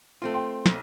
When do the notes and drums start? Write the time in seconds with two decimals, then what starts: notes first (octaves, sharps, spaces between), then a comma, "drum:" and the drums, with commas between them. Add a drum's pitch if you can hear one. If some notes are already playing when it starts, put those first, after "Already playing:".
0.22 A3 C4 F4
0.34 G5 C6
0.66 B1, drum: snare